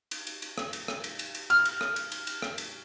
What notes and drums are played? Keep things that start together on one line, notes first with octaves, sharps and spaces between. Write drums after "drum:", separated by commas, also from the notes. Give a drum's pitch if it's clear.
drum: cymbal
drum: cymbal
drum: cymbal
drum: rim click
drum: cymbal
drum: rim click
drum: cymbal
drum: cymbal
drum: cymbal
F6, drum: cymbal
drum: cymbal
drum: rim click
drum: cymbal
drum: cymbal
drum: cymbal
drum: rim click
drum: cymbal